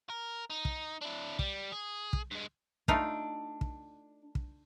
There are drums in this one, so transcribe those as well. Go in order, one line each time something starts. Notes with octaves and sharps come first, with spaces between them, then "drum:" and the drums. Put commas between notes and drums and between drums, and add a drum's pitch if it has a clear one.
A#4
D#4
drum: kick
D4 E4
G3, drum: kick
G#4
drum: kick
G2 G#3
A3 D4 D#4 F4, drum: kick
drum: kick
drum: kick